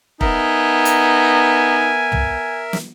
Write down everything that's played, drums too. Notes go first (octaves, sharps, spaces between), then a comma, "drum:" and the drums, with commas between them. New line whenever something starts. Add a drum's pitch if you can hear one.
B3 D#4 A#4 E5 G#5, drum: kick E1
drum: hi-hat
drum: tom
drum: snare